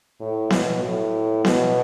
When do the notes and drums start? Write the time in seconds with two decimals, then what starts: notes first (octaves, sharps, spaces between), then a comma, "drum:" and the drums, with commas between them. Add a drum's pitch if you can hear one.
0.20 A2
0.50 B2, drum: snare B3
0.82 A2
1.45 B2, drum: snare B3